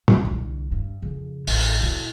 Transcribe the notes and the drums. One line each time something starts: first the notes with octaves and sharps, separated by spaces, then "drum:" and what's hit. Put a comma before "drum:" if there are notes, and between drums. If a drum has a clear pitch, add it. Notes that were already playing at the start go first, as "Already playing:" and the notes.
F2, drum: tom
C2 D3
G2
F2 C#3
A1, drum: open hi-hat
B2 E4